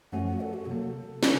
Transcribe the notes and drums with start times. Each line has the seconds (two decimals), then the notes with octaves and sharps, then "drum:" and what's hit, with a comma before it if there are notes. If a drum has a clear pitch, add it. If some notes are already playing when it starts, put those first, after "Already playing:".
0.12 F#2 F3 A3 C#4 F#4 F#5
0.26 F#5
0.41 A4
0.54 F#4
0.67 C3 F#3 A#3 A4
1.23 C#3, drum: snare